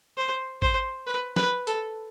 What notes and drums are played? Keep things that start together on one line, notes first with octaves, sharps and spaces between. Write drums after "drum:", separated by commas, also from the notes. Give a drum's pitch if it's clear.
C5
C5, drum: kick G#1
B4
B4, drum: snare
A4, drum: hi-hat